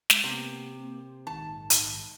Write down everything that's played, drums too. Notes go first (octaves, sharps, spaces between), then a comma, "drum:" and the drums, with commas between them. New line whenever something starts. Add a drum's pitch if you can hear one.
G#3 A5, drum: snare
C3 A#3 B3
A#3 C4 G4
C5
A#1 G#2 D#3 A5
drum: hi-hat